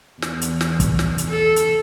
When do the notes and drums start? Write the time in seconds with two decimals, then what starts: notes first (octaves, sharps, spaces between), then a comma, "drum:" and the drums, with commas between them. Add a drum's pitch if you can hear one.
0.22 E2, drum: snare
0.41 drum: hi-hat
0.61 drum: snare
0.80 drum: kick, hi-hat
0.99 drum: snare
1.18 drum: hi-hat
1.30 A4
1.56 drum: hi-hat